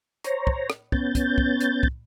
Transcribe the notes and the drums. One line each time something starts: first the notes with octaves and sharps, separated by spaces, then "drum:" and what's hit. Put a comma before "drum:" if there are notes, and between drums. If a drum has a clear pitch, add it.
C5 C#5 A#5, drum: hi-hat
drum: kick
drum: rim click
B3 C#4 G6 A6, drum: kick
drum: kick, hi-hat
drum: kick
drum: hi-hat
drum: kick